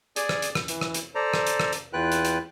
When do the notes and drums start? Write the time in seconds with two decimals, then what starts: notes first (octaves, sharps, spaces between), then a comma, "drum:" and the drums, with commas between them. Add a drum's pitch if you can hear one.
0.16 G#4 D5 G#5, drum: hi-hat
0.29 drum: rim click
0.42 drum: hi-hat
0.55 drum: rim click
0.68 E3, drum: hi-hat
0.81 drum: rim click
0.94 drum: hi-hat
1.15 A4 C5 D5 A#5
1.34 drum: rim click
1.47 drum: hi-hat
1.60 drum: rim click
1.73 drum: hi-hat
1.93 E2 F4 B4 G5 F#6
2.12 drum: hi-hat
2.25 drum: hi-hat